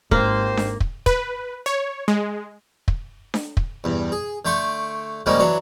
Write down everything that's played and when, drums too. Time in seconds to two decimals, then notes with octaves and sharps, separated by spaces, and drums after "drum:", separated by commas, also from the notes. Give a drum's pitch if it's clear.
0.11 G#1 A#3 F4 G4 C5, drum: kick
0.57 drum: snare D4
0.80 drum: kick
1.06 B4, drum: kick
1.66 C#5
2.08 G#3
2.88 drum: kick
3.34 drum: snare D4
3.57 drum: kick
3.84 E2 G2
4.12 G#4
4.45 D3 A3 G5 C6 C#6
5.26 C#3 F3 G3 G#3 A#3 C#4
5.40 E3 F#3 D4 C#5